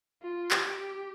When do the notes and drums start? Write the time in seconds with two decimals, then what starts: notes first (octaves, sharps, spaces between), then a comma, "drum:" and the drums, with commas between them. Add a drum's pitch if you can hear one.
0.22 F4
0.51 G4, drum: clap